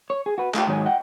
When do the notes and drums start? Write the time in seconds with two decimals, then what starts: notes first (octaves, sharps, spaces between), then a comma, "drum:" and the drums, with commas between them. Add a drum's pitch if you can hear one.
0.10 C#5
0.26 G#4
0.38 F#4 B4
0.54 A3 F4 G4, drum: clap
0.67 G#2 D#3 F#3 D#4 C#5 G#5
0.86 D#5 F#5 G5